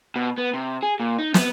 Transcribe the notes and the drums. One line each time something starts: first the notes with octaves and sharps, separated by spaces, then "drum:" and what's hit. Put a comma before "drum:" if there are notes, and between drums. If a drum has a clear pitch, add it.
B2
B3
C3
G#4
A#2
D#4
B3, drum: snare